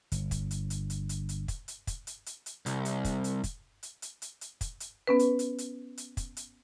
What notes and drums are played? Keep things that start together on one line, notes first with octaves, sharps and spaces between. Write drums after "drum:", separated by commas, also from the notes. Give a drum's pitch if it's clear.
G1, drum: hi-hat
drum: kick, hi-hat
drum: hi-hat
drum: hi-hat
drum: hi-hat
drum: hi-hat
drum: hi-hat
drum: kick, hi-hat
drum: hi-hat
drum: kick, hi-hat
drum: hi-hat
drum: hi-hat
drum: hi-hat
C2, drum: hi-hat
drum: hi-hat
drum: kick, hi-hat
drum: hi-hat
drum: kick, hi-hat
drum: hi-hat
drum: hi-hat
drum: hi-hat
drum: hi-hat
drum: kick, hi-hat
drum: hi-hat
B3 C#4 B4
drum: hi-hat
drum: hi-hat
drum: hi-hat
drum: hi-hat
drum: kick, hi-hat
drum: hi-hat